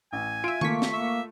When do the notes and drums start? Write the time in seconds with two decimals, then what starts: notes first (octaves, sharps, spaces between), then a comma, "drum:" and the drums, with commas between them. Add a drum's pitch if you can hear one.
0.13 A1 G#5
0.44 F4 E5 D7
0.61 A3 A#3 F4 C#6 B6, drum: tom D#3
0.82 drum: snare
0.93 A#3 E5